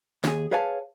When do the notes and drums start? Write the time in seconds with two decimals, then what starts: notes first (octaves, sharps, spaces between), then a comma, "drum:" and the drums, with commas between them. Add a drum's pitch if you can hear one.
0.24 D#2 G#4, drum: snare
0.51 G#4 B4 C#5 F5 G#5 A5